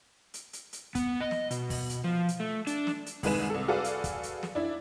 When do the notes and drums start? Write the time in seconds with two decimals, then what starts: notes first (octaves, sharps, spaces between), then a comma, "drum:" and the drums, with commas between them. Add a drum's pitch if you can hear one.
0.34 drum: hi-hat
0.53 drum: hi-hat
0.73 drum: hi-hat
0.95 B3, drum: kick, hi-hat
1.21 D#5
1.31 drum: snare
1.51 B2, drum: hi-hat
1.70 drum: kick, open hi-hat
1.90 drum: hi-hat
2.04 F3
2.29 drum: hi-hat
2.40 A3
2.67 D4, drum: hi-hat
2.87 drum: snare
3.06 drum: hi-hat
3.23 C2 D#3 G#3 B4 G#5 E7, drum: kick, open hi-hat
3.50 C2 A4
3.68 F#4 G#4 A4 B4 D5 F5
3.84 drum: hi-hat
4.04 drum: kick, hi-hat
4.23 drum: hi-hat
4.43 drum: snare
4.55 D4 E4